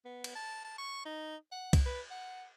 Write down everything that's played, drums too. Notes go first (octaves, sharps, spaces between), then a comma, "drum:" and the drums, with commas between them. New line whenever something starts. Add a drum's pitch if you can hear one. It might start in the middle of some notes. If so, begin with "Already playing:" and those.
B3
drum: cymbal
A5
A5
C#6
D#4
F#5
drum: kick C2, cymbal
B4
F#5